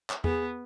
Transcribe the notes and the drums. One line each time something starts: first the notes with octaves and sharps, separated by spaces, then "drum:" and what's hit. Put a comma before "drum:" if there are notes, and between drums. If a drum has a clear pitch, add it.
drum: clap
B3 G#4, drum: tom E2